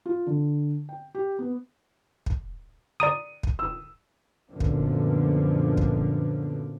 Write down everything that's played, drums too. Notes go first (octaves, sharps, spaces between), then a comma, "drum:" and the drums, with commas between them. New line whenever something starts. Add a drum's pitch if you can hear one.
F4
D3
G5
G4
B3
drum: kick
D5 A#5 D#6 D#7
drum: kick
E6
F#2 A#2 D3 F3 B3
drum: kick
drum: kick